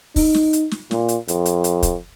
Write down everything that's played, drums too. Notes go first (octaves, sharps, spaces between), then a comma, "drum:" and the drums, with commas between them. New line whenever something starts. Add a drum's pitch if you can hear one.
D#4, drum: kick, open hi-hat
drum: snare
drum: hi-hat
drum: snare
A#2, drum: snare
drum: hi-hat
F2, drum: hi-hat
drum: hi-hat
drum: hi-hat
drum: kick, hi-hat